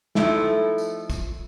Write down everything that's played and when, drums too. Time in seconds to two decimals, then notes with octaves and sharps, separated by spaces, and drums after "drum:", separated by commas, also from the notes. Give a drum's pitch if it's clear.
0.15 D#3 F3 A3 E4 A4, drum: snare
0.78 drum: tambourine
1.10 drum: kick, tambourine